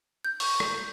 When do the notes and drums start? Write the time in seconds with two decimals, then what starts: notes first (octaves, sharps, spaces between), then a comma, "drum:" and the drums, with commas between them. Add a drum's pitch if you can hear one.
0.25 G6
0.40 C#6, drum: open hi-hat
0.60 drum: rim click